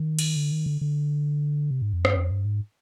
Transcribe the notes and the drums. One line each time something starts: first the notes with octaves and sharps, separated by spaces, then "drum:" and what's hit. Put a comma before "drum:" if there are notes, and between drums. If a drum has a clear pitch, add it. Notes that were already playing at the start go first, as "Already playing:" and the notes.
Already playing: D#3
drum: cymbal
D3
D#3
D3
D3
C3
G#2
F2
G2, drum: rim click
F2
G2
G#2